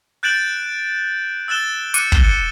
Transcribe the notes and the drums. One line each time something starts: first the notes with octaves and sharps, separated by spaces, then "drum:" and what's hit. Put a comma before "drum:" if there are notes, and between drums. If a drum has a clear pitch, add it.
F#6 G6 A6 D7 E7 F#7
E6 F#6 A6 E7 G7
D6 F#6 C#7 D#7, drum: hi-hat
E7 G7, drum: kick